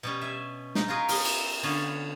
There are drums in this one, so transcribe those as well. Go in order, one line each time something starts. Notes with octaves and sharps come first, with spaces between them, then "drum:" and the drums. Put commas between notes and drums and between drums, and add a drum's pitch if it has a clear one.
B2 G3 C#4
E5 G#5
D#4, drum: snare
F4 F#4 G#4 A#4 B4
B3 A#4, drum: open hi-hat
drum: cymbal
D3 B3 C#4 C#5 F5 A5